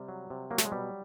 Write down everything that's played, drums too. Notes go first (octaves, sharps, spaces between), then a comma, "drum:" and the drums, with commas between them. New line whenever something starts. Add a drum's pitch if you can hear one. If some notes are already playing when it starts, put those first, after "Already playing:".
Already playing: C3 G3
F#3
C3
F#3 A#3
A3, drum: snare
G#3
B2 G3